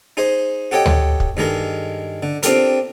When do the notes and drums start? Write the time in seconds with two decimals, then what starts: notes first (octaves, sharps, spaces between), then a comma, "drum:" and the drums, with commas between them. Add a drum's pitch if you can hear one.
0.17 D#4 G#4 C5 D#5
0.71 F#4 G4 A4 C#5 D#5 G5
0.86 drum: tom D2
1.20 drum: kick
1.37 G2 D#3 G#3 A4 A#4
2.23 D3
2.43 C4 D4 F4 G4 A4 A#4, drum: hi-hat